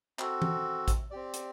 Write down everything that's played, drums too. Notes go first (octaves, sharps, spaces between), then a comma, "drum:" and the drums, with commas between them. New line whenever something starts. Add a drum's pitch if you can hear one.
C4 F#4 A4, drum: clap
drum: tom E3
drum: kick A1, hi-hat
C4 G4 D5
drum: hi-hat